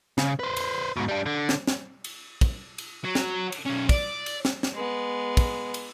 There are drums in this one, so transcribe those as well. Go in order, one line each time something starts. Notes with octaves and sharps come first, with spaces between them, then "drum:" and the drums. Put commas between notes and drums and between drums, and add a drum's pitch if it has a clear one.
C#3, drum: snare
B4 C5
drum: cymbal
G#2 B2
G3 D4
D3
drum: snare
drum: snare
drum: cymbal
drum: kick, cymbal
drum: cymbal
F#3
drum: snare
drum: cymbal
B1 C#4
D5, drum: kick, cymbal
drum: cymbal
drum: snare
drum: snare
G#3 B3
drum: kick, cymbal
drum: cymbal